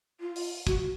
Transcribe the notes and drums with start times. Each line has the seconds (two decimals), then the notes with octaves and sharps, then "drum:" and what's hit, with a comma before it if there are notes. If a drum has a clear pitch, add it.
0.21 F4
0.36 drum: open hi-hat
0.67 F#4, drum: kick, hi-hat